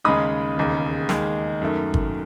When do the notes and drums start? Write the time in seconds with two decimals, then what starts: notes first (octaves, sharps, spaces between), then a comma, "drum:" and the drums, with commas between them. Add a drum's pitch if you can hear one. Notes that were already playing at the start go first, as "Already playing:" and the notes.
0.04 D#2 C#3 G#3 D#4 B5 D#6
0.57 E1 D#2 C#3
1.09 D#2 D#3 G#3, drum: snare
1.61 F#2 D#3 A3
1.94 drum: kick G1